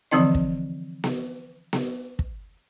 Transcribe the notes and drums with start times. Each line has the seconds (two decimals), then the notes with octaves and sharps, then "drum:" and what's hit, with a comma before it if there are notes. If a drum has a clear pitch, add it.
0.11 D3 E3 F3 C4 D#4 D#5
0.35 drum: kick
1.04 drum: snare B3
1.73 drum: snare B3
2.19 drum: kick